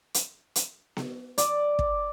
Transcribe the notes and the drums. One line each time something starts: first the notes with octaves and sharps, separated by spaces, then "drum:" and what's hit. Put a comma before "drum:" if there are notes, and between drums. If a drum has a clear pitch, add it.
drum: hi-hat
drum: hi-hat
drum: snare B3
D5, drum: hi-hat
drum: kick